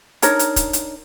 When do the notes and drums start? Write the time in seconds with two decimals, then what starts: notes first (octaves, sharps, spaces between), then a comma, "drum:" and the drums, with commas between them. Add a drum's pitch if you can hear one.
0.22 D4 D#4 A#4 C#5, drum: hi-hat
0.39 drum: hi-hat
0.56 drum: kick D#1, hi-hat
0.73 drum: hi-hat